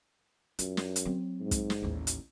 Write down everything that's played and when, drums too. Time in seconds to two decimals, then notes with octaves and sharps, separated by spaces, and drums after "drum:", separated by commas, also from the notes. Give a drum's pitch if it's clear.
0.59 F#2 F4, drum: hi-hat
0.77 drum: snare
0.96 drum: hi-hat
1.05 F#3 C4
1.40 G#2
1.51 drum: kick, hi-hat
1.70 drum: snare
1.82 A1 D#2
2.07 drum: hi-hat